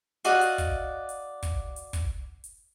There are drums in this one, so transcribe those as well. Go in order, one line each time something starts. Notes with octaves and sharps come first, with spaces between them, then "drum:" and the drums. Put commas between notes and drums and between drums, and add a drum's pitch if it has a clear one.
F#4 D5 D#5 F5, drum: hi-hat
drum: hi-hat
drum: kick, hi-hat
drum: hi-hat
drum: kick, hi-hat
drum: hi-hat
drum: kick, hi-hat
drum: hi-hat